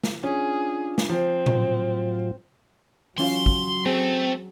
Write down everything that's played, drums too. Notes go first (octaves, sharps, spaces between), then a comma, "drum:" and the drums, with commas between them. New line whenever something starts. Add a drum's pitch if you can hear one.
drum: snare
C#4 D4 F4 G#4
drum: snare
F3 C4
A2 F#3 F4, drum: tom A#2
E3 F#3 C#4 F4 C6, drum: open hi-hat
drum: kick
A3 C4 G#4